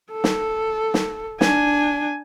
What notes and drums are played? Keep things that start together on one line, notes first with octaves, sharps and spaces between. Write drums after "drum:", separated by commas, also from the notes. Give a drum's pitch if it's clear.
A4
drum: snare
drum: snare
D4 G#5, drum: snare